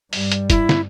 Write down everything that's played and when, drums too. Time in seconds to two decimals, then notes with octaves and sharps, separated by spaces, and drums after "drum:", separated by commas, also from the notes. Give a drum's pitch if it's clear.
0.13 G2 G3, drum: open hi-hat
0.32 drum: hi-hat
0.50 E4, drum: kick F1, hi-hat
0.69 drum: snare